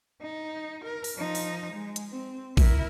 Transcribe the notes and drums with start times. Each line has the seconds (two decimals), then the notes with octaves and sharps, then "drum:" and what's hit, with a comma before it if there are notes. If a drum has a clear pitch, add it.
0.22 D#4
0.84 A#4
1.04 drum: open hi-hat
1.16 F3 D#4
1.35 drum: open hi-hat
1.72 G#3
1.96 drum: hi-hat
2.12 C4
2.57 E4 A#4, drum: kick A1, open hi-hat